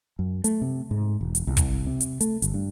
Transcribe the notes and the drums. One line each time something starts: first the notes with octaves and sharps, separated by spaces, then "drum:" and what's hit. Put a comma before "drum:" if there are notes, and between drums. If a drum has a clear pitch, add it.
F#2
A3, drum: hi-hat
C3
G#2
E1
drum: hi-hat
C2
drum: kick, hi-hat
C3
drum: hi-hat
A3, drum: hi-hat
G1, drum: hi-hat
G2